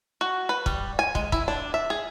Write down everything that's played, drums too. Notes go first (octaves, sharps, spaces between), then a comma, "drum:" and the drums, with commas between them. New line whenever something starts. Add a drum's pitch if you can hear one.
F#4
B4
G3, drum: kick
G#5
G#3, drum: kick
E4, drum: kick
D4
E5
G#4